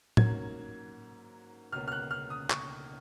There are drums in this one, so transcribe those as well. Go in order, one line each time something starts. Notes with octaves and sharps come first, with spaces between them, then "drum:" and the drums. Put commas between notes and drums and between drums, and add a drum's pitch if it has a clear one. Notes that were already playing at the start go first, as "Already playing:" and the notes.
G#2 F#3 A#3 C#4 G#6, drum: tom A2
C#2 B2 A#3 C#4 F6
F6
F#6
F6
D#6
C#6, drum: clap